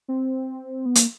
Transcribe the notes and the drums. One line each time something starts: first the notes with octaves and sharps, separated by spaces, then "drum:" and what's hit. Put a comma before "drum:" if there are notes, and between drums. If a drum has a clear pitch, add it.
C4
B3
A#3, drum: hi-hat